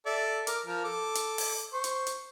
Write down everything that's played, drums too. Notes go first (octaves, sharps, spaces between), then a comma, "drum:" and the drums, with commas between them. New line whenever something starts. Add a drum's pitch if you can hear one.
A4 D5 E5
A#4 D6, drum: hi-hat
F3 A#4
A4 D6
drum: hi-hat
drum: open hi-hat
C5 C#6
drum: hi-hat
drum: hi-hat